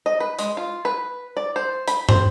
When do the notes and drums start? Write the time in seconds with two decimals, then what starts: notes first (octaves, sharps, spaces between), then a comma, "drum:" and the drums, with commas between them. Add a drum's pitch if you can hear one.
0.06 D#5
0.20 B4
0.39 G#3, drum: hi-hat
0.57 F4
0.85 B4
1.37 D5
1.56 C5
1.88 B5, drum: hi-hat
2.09 C5, drum: tom